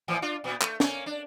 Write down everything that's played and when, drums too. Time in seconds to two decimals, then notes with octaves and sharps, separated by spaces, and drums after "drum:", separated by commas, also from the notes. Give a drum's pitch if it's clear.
0.08 A2 E3 F3
0.22 D4 F4
0.44 A#2 B3
0.61 A3, drum: clap
0.80 A#3 C#4, drum: snare
1.06 D4